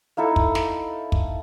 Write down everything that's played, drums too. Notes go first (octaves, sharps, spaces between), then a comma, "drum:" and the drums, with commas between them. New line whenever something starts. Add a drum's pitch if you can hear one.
A#3 D#4 E4 A4
drum: kick
drum: snare
drum: kick